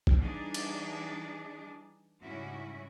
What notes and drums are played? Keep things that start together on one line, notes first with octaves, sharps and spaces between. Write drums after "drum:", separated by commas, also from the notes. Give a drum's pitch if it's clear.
drum: kick
E3 G3 D4 D#4 G#4 D5
drum: cymbal
G#2 C#3 G3 C#4 E4 F#4